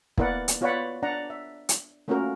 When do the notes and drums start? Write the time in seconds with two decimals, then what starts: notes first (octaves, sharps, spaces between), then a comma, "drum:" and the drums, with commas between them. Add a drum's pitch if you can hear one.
0.18 A#3 B3 E4 A#4 D5 F#5, drum: kick
0.48 drum: hi-hat
0.61 B3 F4 C#5 D5 F#5 B5
1.03 D4 D5 F#5 A#5
1.30 E5
1.69 drum: hi-hat
2.08 A3 A#3 C#4 F4 F#4 A#4